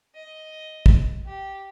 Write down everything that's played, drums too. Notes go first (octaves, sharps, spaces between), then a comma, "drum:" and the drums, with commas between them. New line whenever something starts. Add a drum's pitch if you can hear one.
D#5
drum: kick
G4